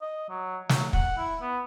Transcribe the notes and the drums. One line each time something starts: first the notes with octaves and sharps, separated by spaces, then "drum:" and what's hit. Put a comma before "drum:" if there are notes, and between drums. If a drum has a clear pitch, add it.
D#5
F#3
F#3, drum: snare
F#5, drum: kick
E4
B3